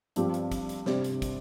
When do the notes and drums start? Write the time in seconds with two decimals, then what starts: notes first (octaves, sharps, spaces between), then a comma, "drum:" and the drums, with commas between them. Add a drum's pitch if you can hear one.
0.16 G2 F3 C4 G4, drum: hi-hat
0.34 drum: hi-hat
0.52 drum: kick, hi-hat
0.69 drum: hi-hat
0.86 C3 G3 D4 G4 C5, drum: snare
1.04 drum: hi-hat
1.22 drum: kick, hi-hat